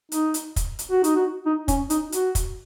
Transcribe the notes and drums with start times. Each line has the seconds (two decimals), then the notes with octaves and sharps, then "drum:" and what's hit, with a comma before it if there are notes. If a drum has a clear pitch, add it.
0.12 D#4, drum: hi-hat
0.34 drum: hi-hat
0.56 drum: kick, hi-hat
0.79 drum: hi-hat
0.91 F#4
1.04 D#4, drum: hi-hat
1.16 F#4
1.46 D#4
1.68 C#4, drum: kick, hi-hat
1.90 D#4, drum: hi-hat
2.12 F#4, drum: hi-hat
2.35 drum: kick, hi-hat